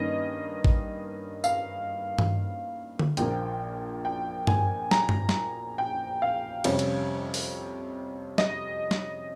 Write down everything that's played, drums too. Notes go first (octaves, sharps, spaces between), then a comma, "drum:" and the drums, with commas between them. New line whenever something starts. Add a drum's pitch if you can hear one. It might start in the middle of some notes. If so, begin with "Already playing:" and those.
Already playing: G2 D#3 A#3 C#4 D#5
drum: kick A1
F5, drum: tambourine
drum: tom G2
drum: tom D3
A#1 A#2 F3 A#3 G5, drum: hi-hat
G5
G#5, drum: tom G2
A#5, drum: snare
drum: tom G2
drum: snare
G5
F5
F2 C3 G3 C#4 C#5, drum: cymbal
drum: hi-hat
drum: open hi-hat
D#5, drum: snare
drum: snare